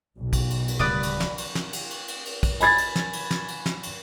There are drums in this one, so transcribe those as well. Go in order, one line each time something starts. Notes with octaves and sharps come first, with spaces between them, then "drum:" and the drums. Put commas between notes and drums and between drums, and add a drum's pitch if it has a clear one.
B1
drum: kick A#1, cymbal
drum: cymbal
drum: cymbal
D1 C#3 G3 B4 D5 D#6
drum: cymbal
drum: snare
drum: cymbal
drum: snare
drum: cymbal
drum: cymbal
drum: cymbal
drum: cymbal
drum: kick A#1, cymbal
G#5 B5 G#6 A6, drum: cymbal
drum: cymbal
drum: snare
drum: cymbal
drum: snare
drum: cymbal
drum: snare
drum: cymbal